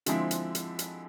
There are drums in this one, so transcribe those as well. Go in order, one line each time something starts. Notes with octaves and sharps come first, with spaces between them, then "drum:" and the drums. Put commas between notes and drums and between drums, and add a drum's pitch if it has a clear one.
D3 F3 G#3 C4 E4, drum: hi-hat
drum: hi-hat
drum: hi-hat
drum: hi-hat